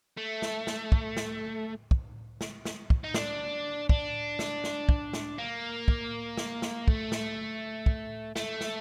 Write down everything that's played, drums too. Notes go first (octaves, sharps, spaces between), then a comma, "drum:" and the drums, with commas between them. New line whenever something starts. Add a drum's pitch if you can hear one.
A3
drum: snare
drum: snare
drum: kick
drum: snare
drum: kick
drum: snare
drum: snare
drum: kick
D#4
D4, drum: snare
D4, drum: kick
drum: snare
drum: snare
drum: kick
drum: snare
A#3
drum: kick
drum: snare
drum: snare
A3, drum: kick
drum: snare
drum: kick
A3, drum: snare
drum: snare